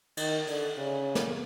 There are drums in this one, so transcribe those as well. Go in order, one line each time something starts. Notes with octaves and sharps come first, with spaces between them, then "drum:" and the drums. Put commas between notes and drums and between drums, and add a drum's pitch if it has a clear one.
D#3, drum: cymbal
D3, drum: open hi-hat
C#3
drum: snare